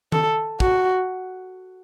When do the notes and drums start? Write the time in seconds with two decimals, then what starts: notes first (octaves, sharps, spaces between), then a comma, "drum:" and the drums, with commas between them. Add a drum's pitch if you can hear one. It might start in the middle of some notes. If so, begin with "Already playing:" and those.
0.12 A4, drum: tom D#3
0.60 F#4, drum: kick